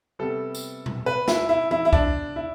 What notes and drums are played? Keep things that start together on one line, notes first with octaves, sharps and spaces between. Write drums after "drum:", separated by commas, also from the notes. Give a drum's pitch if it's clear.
C3 G3 B3 A4
drum: tambourine
drum: tom A#2
B4
E4, drum: snare
E4
E4, drum: tom E3
E4
D4, drum: kick
E4